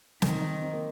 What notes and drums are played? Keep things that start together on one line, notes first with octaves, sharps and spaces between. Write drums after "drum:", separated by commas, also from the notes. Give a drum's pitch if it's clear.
D#3 C4, drum: snare
D#4
C4
A#3